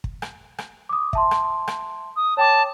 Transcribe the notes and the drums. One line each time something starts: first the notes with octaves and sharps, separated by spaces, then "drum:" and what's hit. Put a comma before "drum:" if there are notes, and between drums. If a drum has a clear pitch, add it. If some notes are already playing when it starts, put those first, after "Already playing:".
drum: kick
drum: rim click
drum: rim click
D6 D#6
E5 A5 C6, drum: kick
drum: rim click
drum: rim click
D#6
C#5 G5 A5 D6